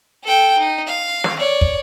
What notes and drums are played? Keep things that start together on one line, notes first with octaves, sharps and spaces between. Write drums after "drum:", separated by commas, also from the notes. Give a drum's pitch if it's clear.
A4 G5
D#4
F5
drum: snare
C#5 D5
drum: kick